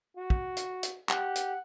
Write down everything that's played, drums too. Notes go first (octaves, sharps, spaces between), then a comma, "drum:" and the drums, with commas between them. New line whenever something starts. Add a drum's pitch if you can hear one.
F#4
drum: kick
drum: hi-hat
drum: hi-hat
G4 F#5, drum: clap
drum: hi-hat